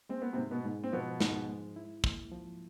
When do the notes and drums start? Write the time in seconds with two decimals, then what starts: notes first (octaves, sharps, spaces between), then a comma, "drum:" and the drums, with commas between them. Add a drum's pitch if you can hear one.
0.09 G#3 C4
0.22 B3
0.33 C3 C4
0.37 G#2
0.51 B2 B3
0.65 G#2
0.84 C4
0.93 B2 F3 B3
1.20 G#2, drum: snare
1.49 G#3
1.76 E4
2.04 A#3, drum: kick
2.31 F3